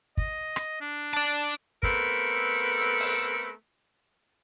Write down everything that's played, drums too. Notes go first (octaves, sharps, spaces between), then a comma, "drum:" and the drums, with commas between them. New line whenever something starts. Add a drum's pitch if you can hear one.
D#5, drum: kick
drum: rim click
D4
D5 A5
A3 B3 C4 A4 A#4, drum: kick
drum: hi-hat
drum: open hi-hat